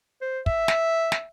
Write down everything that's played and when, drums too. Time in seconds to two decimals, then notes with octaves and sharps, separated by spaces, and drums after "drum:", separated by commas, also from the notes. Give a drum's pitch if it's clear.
0.22 C5
0.46 E5, drum: kick
0.68 drum: snare
1.12 drum: snare